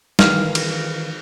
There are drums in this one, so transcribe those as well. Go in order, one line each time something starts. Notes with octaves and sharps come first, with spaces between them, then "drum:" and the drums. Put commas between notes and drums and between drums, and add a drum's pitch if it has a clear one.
D#3 E3 F5 F6, drum: snare
drum: cymbal